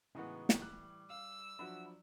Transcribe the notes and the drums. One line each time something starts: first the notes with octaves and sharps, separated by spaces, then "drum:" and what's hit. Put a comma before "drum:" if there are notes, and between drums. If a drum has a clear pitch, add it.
A2 C#3 E3 G#3 B3 D#4 F#4
drum: snare
G3 F#6
F5 E6
F3 F#3 D4 E4 F#4